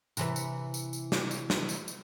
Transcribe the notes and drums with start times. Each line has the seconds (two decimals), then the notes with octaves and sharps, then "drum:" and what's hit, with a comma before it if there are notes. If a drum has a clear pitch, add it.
0.17 C3 E3 B4, drum: tambourine
0.36 drum: tambourine
0.74 drum: tambourine
0.93 drum: tambourine
1.12 drum: snare
1.31 drum: tambourine
1.50 drum: snare
1.69 drum: tambourine
1.88 drum: tambourine